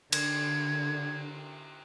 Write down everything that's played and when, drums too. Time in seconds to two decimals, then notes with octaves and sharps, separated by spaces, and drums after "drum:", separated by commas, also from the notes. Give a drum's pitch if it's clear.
0.12 D3 G#6, drum: cymbal